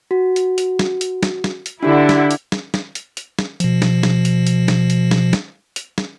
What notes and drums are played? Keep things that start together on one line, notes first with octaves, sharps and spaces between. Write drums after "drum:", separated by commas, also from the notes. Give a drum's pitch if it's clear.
F#4
drum: hi-hat
drum: hi-hat
drum: snare
drum: hi-hat
drum: snare
drum: snare
drum: hi-hat
D3 D4 E4 G4
drum: snare
drum: hi-hat
drum: snare
drum: snare
drum: hi-hat
drum: hi-hat
drum: snare
B2 F3, drum: hi-hat
drum: snare
drum: snare
drum: hi-hat
drum: hi-hat
drum: snare
drum: hi-hat
drum: snare
drum: snare
drum: hi-hat
drum: snare